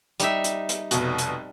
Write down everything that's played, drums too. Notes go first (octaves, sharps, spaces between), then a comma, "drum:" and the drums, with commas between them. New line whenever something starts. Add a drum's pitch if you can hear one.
G3 D#4 E5, drum: hi-hat
drum: hi-hat
drum: hi-hat
F1 B2, drum: hi-hat
drum: hi-hat